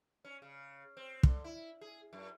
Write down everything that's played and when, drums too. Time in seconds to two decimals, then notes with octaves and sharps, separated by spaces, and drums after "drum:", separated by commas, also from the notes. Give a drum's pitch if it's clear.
0.25 C#4
0.42 C#3
0.97 C4
1.23 D3, drum: kick
1.44 E4
1.81 G#4
2.13 F#2